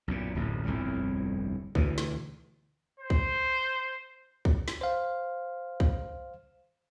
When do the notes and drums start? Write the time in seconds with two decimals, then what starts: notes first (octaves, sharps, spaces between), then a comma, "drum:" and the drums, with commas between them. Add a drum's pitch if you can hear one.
0.08 B1 F#2 A#2
0.35 D1 A1 F#2
0.65 G1 C2 F2 A2
1.75 D2 B2 E3, drum: kick B1
1.98 drum: snare
3.00 C5
3.10 drum: kick B1
4.45 drum: kick B1
4.68 drum: snare
4.81 C5 F5
5.80 drum: kick B1